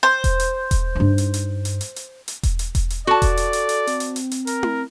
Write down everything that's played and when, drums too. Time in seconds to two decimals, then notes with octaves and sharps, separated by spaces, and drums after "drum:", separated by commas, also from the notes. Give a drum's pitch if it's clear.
0.03 C5
0.24 drum: kick E1, hi-hat
0.40 drum: hi-hat
0.71 drum: kick E1, hi-hat
0.95 G2 D#4
1.18 drum: hi-hat
1.34 drum: hi-hat
1.65 drum: hi-hat
1.81 drum: hi-hat
1.96 drum: hi-hat
2.28 drum: hi-hat
2.43 drum: kick E1, hi-hat
2.59 drum: hi-hat
2.75 drum: kick E1, hi-hat
2.90 drum: hi-hat
3.07 F#4 A4 D5 A5
3.22 drum: kick E1, hi-hat
3.37 drum: hi-hat
3.53 drum: hi-hat
3.69 drum: hi-hat
3.87 C4, drum: hi-hat
4.00 drum: hi-hat
4.16 drum: hi-hat
4.31 drum: hi-hat
4.47 A#4, drum: hi-hat
4.63 drum: tom E4